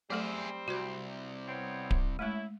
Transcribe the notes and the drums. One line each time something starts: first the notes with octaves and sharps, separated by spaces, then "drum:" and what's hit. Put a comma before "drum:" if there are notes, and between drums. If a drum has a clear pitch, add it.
F#3 G3 A3 C4 G#4 A4 E5
C2 F#4 C5
B3 C4 C#5
drum: kick D1
G#3 A3 C#4 E4